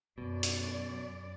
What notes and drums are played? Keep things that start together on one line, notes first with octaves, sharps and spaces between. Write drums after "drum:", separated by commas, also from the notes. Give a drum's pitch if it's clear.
F#2 B2 D5
drum: hi-hat